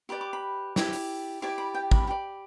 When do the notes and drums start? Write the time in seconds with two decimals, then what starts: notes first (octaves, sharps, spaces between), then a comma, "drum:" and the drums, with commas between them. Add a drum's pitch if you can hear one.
0.09 G4 B4 D5 B5
0.21 D6
0.33 B5
0.76 E4 G4 D5, drum: snare
0.93 drum: open hi-hat
1.42 E4 G4 D5 D6
1.58 B5
1.74 G5
1.91 B5, drum: kick
2.07 G4 D5